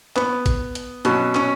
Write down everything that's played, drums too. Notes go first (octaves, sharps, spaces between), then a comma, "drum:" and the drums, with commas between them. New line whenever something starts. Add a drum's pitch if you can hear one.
B3, drum: clap
drum: kick, hi-hat
drum: hi-hat
B2 F#3 C#4, drum: hi-hat
C#4, drum: clap